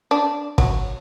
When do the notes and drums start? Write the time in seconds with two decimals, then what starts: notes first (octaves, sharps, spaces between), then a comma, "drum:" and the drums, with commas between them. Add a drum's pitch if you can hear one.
0.11 D4
0.58 F#3, drum: kick